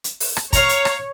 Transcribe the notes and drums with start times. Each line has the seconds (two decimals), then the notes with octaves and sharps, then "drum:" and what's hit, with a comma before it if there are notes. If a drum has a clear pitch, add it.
0.04 drum: hi-hat
0.20 drum: open hi-hat
0.37 drum: rim click
0.53 C#5 F5 A#5, drum: kick, hi-hat
0.69 drum: hi-hat
0.85 drum: rim click